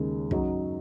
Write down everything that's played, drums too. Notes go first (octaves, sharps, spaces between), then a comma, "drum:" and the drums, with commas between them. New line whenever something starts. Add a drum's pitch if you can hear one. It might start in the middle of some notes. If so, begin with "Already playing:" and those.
Already playing: D#2 C#3 G#3
F#2 F#3 D#4, drum: kick